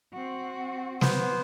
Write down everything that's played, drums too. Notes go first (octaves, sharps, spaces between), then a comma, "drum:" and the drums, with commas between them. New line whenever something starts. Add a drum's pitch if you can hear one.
C4 F#4
B3 C5, drum: snare